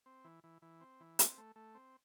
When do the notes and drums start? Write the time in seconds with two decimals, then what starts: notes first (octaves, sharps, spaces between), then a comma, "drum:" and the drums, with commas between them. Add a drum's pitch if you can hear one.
0.06 C4
0.24 E3
0.44 E3
0.62 E3
0.81 C4
1.00 E3
1.19 C4, drum: hi-hat
1.38 A3
1.56 A3
1.75 C4